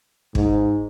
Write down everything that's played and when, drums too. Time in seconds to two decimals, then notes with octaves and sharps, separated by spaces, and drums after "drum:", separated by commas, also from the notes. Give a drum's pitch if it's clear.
0.35 G#2, drum: kick